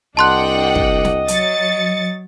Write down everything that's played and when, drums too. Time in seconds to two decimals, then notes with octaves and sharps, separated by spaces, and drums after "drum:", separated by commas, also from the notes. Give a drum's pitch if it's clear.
0.17 C2 D4 D#5 F#5 G5 A5 C6 F#6
0.75 drum: kick
1.05 drum: snare
1.28 F#3 A6 C#7, drum: hi-hat